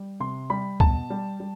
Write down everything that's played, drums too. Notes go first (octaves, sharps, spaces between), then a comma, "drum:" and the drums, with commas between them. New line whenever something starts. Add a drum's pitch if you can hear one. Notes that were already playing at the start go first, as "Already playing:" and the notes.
Already playing: G3
C3 C6
G3 B5
B2 A5, drum: kick
G3
G3